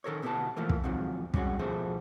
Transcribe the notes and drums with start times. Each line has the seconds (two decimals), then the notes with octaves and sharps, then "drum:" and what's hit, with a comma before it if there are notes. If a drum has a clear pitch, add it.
0.04 D#3 A4 A#4 C#5
0.22 D2 B2 B3 E4 G4 A5
0.57 E3 F3 A3 A#3
0.69 drum: kick
0.84 G#2 C3 D#3 F3 F#3
1.34 G3 G#3 C#4 F#4, drum: kick
1.59 B2 F3 G#4 A4 C5 E5